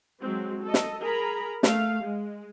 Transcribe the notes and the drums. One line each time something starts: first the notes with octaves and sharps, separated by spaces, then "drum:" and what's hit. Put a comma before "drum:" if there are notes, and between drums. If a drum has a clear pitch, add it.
F#3 G#3 C4
A4 D#5
drum: snare
G#4 A#4 A#5 B5
A3 F5, drum: snare
G#3